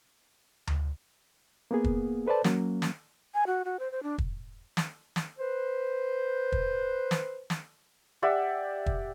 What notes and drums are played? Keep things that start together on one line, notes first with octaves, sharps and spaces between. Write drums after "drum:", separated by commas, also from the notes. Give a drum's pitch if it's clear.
drum: tom D2
A#3 B3 G#4
drum: kick
A4 B4 C5 D5 A5
F#3 A#3 C#4, drum: snare
drum: snare
G#5
F#4
F#4
C5
C5
D4
drum: kick
drum: snare
drum: snare
B4 C5
drum: kick
drum: snare
drum: snare
G4 D5 E5 F#5
drum: kick